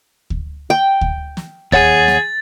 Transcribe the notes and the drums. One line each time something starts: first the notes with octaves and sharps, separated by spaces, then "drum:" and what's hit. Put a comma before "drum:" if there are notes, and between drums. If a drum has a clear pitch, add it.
drum: kick D2
G5
drum: kick D2
drum: snare
D#2 G#4 C#5 F#5 A6, drum: kick D2
drum: snare